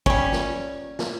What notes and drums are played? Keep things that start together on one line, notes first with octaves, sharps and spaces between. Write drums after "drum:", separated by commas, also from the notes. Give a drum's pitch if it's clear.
G3 C#4, drum: kick
drum: snare
drum: snare